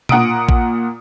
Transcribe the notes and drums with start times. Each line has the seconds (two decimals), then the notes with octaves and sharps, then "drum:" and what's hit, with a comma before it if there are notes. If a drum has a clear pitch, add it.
0.09 A#2 F#5 A#5 D#6 D7, drum: tom B2
0.49 drum: kick A1